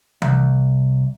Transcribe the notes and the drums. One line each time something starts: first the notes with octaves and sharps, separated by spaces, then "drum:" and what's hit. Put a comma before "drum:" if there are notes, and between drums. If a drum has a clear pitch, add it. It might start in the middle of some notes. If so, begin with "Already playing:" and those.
C2, drum: tom E3